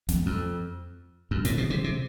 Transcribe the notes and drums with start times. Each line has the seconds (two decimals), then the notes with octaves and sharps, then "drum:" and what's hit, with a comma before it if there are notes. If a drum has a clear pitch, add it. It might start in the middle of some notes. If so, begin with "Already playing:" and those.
0.08 F2, drum: snare
0.26 F2
1.31 F#2
1.45 A2, drum: snare
1.58 B2
1.70 C3
1.84 C3